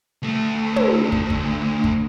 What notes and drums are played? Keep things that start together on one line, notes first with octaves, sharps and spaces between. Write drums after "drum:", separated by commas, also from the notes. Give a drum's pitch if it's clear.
D2 A3
drum: tom
drum: kick
drum: kick
drum: kick